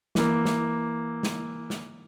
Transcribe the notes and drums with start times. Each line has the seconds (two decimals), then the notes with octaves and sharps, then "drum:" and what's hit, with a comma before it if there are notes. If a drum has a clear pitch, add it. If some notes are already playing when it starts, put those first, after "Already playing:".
0.15 E3 A#3, drum: snare
0.45 drum: snare
1.23 drum: snare
1.70 drum: snare